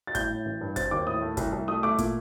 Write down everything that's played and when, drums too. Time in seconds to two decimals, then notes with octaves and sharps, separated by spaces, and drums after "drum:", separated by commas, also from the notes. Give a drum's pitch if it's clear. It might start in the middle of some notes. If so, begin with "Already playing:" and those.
0.07 A6
0.15 A2 G6, drum: kick, hi-hat
0.30 A2
0.45 A1
0.61 G2
0.76 C4 A6, drum: kick, hi-hat
0.91 D#2 D6
1.07 A2 D#6
1.21 A3
1.37 C2, drum: kick, hi-hat
1.52 C2
1.68 A3 D#6
1.83 A3 D6
1.98 A#2, drum: kick, hi-hat